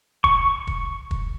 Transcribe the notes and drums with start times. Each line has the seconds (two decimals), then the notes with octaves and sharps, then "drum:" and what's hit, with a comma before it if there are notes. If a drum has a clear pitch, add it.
0.24 C#6, drum: kick
0.67 drum: kick
1.11 drum: kick